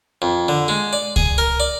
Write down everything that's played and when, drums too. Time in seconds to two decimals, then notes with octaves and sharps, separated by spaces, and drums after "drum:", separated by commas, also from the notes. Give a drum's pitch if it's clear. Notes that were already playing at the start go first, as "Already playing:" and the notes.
0.22 F2
0.48 D3
0.68 G#3
0.93 D5
1.16 G#4, drum: kick C#2
1.38 A#4
1.60 D5